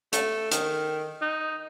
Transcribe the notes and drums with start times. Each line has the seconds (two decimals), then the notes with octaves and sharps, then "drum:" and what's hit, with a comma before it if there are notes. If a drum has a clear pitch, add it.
0.13 A3, drum: hi-hat
0.51 D#3, drum: hi-hat
1.22 D#4